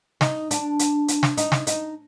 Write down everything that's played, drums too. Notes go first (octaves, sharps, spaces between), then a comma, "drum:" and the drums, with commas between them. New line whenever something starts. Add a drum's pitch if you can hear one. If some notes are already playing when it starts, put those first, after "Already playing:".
D#4, drum: snare
D4, drum: hi-hat
drum: hi-hat
drum: hi-hat
drum: snare
D#4, drum: hi-hat
drum: snare
D#4, drum: hi-hat